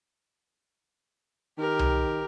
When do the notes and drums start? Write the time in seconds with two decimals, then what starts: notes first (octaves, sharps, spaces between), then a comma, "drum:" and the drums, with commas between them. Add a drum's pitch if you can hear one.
1.58 D#3 G4 A#4
1.79 drum: tom C2